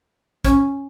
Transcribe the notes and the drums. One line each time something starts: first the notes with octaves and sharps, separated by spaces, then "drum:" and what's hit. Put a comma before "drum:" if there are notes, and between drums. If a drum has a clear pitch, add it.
C#4, drum: kick, hi-hat